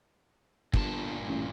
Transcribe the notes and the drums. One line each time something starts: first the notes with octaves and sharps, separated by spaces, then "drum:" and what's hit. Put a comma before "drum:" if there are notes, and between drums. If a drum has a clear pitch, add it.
G1 G2 A#2 A5, drum: kick
A1